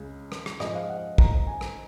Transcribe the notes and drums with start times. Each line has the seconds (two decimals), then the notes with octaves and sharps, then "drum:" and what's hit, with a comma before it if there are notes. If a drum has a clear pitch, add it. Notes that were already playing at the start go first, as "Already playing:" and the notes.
Already playing: C#2 C#3 G#3
0.32 drum: rim click
0.46 drum: rim click
0.60 G#2 F3 G#3 D#5, drum: rim click
0.75 F5
0.89 F#5
1.18 A#5, drum: kick
1.32 A#5
1.47 G#5
1.61 drum: rim click